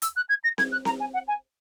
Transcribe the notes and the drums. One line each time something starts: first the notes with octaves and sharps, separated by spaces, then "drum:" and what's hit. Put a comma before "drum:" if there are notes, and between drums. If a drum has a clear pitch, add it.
E6, drum: hi-hat
F#6
G#6
A#6
G#6, drum: snare C4
F#6
A#5, drum: snare C4
G#5
F#5
G#5